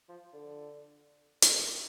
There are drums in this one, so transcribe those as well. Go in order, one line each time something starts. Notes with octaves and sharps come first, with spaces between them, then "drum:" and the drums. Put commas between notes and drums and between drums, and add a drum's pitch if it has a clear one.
F3
D3
A#2, drum: hi-hat
C3